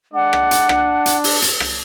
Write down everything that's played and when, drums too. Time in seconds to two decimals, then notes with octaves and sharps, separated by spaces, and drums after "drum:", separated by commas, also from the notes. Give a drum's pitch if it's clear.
0.14 G#3 D4 D5 F#5
0.33 drum: rim click
0.51 drum: hi-hat
0.69 D4, drum: rim click
1.06 drum: hi-hat
1.24 drum: open hi-hat
1.42 drum: hi-hat
1.60 drum: rim click